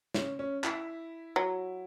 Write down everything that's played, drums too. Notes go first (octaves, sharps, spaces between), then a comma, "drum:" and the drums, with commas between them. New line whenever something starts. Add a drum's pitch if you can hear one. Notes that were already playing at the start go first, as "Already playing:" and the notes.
C#4, drum: snare
C#4
E4, drum: clap
F#3